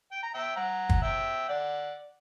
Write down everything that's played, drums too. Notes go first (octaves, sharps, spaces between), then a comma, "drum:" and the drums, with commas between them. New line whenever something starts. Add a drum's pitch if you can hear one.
G5
A#5
E5 G5
F#5 A#5
drum: kick
E5 G5
D5 F#5